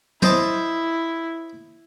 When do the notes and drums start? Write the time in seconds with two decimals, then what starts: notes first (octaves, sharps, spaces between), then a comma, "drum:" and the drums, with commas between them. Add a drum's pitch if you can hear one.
0.22 E4 C5 D#5 A5, drum: tom